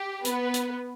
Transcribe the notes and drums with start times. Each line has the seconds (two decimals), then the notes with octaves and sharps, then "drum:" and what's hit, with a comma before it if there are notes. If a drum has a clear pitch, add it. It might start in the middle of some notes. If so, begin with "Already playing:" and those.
Already playing: G4
0.25 B3 B4, drum: hi-hat
0.54 drum: hi-hat